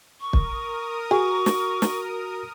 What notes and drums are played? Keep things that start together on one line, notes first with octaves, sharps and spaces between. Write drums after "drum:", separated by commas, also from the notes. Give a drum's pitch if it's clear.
A#4 C#6 D#6
drum: kick
F#4 G#4 C#6
drum: snare
drum: snare